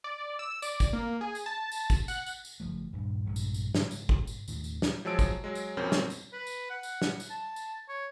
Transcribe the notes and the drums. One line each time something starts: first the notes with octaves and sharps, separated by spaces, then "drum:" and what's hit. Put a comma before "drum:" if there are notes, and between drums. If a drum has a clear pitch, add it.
D5
E6
D5, drum: tambourine
drum: kick, tambourine
A#3
G#4
drum: tambourine
A5
drum: tambourine
drum: kick, tambourine
F#5, drum: tambourine
drum: tambourine
drum: tambourine
F#1 F3 A3
D#1 G2
A#1 G2 C3 G#3
drum: tambourine
drum: tambourine
G#2 C#3, drum: snare
drum: tambourine
drum: kick
drum: tambourine
D#2 A2 D#3, drum: tambourine
drum: tambourine
drum: snare
F3 F#3 G#3 A5 E6 D7
drum: kick, tambourine
F#3 G#3
drum: tambourine
F2 B2 C4 C#4 A#4 G6
drum: snare
drum: tambourine
B4
drum: tambourine
F#5
drum: tambourine
drum: snare
drum: tambourine
A5
drum: tambourine
C#5